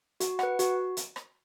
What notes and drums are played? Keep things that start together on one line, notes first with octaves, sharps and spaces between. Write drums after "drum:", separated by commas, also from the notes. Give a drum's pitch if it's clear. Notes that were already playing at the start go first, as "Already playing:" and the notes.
F#4, drum: hi-hat
B4 F#5, drum: rim click
F#4, drum: hi-hat
drum: hi-hat
drum: rim click